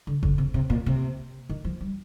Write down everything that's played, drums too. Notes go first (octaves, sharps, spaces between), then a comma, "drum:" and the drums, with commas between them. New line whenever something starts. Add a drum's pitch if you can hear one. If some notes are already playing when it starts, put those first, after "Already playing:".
D3
D3, drum: kick F#1
C3
C3
A#2
C3
D#3
F3
G3